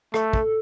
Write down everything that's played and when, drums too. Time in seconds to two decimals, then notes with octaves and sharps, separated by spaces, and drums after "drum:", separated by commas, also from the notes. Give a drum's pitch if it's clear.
0.14 A3 A4, drum: rim click
0.33 drum: kick